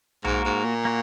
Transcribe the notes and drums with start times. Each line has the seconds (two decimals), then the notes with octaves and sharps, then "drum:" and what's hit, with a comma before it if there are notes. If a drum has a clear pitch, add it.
0.25 G#2 A#3 F#4 A#4, drum: tom B1
0.45 G#2
0.65 A#2
0.85 A#3 F#4